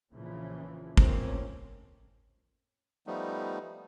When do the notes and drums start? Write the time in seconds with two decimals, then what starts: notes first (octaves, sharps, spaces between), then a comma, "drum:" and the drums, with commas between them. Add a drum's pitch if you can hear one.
0.11 A#1 A#2 C#3 E3 F3
0.97 F2 A2 A#3 C4 C#4, drum: kick G1
3.07 F3 G3 A3 B3 D#4